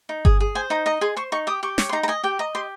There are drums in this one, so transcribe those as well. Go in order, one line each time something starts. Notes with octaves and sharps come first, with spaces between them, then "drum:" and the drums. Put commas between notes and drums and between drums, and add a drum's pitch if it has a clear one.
D#4
G#4, drum: kick G1
G#4
C5 G#5
D#4 A#5
D#5 A#5
G#4 C6
C5 C#6
D#4 C#6
G4 D#6
G4 C#6
C#5, drum: snare
C6
D#4 A#5
A#5
D#5 G#5
G4 G5
D#5 A#5
G4 C6